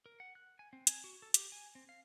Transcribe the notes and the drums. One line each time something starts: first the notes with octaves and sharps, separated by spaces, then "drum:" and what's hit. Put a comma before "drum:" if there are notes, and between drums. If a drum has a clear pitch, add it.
A#4
F#5
F#6
G#5
C4
G#5, drum: hi-hat
F#4
A4
G4, drum: hi-hat
G#5
C4
F5